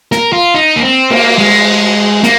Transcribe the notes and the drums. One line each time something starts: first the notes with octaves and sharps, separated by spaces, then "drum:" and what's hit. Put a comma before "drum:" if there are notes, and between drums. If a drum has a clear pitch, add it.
A#4, drum: snare
F4
D#4
A#3
C4
A#3, drum: cymbal
G#3
A#3, drum: snare